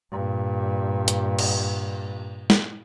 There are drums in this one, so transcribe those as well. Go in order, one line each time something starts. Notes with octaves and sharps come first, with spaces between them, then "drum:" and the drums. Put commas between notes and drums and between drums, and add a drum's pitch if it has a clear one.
G2 A#2
drum: hi-hat
drum: cymbal
drum: snare